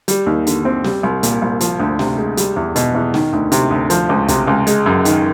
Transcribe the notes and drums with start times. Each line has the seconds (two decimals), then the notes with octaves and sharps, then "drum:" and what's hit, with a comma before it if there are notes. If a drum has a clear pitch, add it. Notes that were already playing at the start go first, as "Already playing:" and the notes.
0.08 G3, drum: hi-hat
0.26 D#2
0.47 D3, drum: hi-hat
0.65 C4
0.84 G3, drum: snare
1.03 C2
1.23 A#2, drum: hi-hat
1.42 C2
1.61 F3, drum: hi-hat
1.80 D2
1.99 C3, drum: snare
2.18 G#3
2.37 G3, drum: hi-hat
2.56 E2
2.76 B2, drum: hi-hat
2.95 E2
3.14 D#3, drum: snare
3.33 D2
3.52 C3, drum: hi-hat
3.71 D2
3.90 F3, drum: hi-hat
4.09 C#2
4.28 C3, drum: kick, hi-hat
4.47 C#2
4.67 G#3, drum: hi-hat
4.86 F#2
5.05 D#3, drum: hi-hat